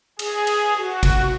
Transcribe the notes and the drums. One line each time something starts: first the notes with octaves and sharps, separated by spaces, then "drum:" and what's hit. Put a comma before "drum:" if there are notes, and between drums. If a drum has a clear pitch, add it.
G#4, drum: cymbal
drum: cymbal
F#4
drum: kick G#1, cymbal